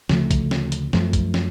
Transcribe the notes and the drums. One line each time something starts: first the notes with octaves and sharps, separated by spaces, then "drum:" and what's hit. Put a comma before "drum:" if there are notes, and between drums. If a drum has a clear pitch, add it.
D2 C#3 F3 A3, drum: snare
drum: kick, hi-hat
drum: snare
drum: hi-hat
F#2 F3 A3, drum: snare
drum: kick, hi-hat
drum: snare